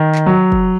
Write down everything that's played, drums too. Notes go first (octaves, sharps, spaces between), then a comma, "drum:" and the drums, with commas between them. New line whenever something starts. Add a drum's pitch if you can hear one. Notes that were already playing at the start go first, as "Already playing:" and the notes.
Already playing: D#3
drum: clap
F#3
drum: kick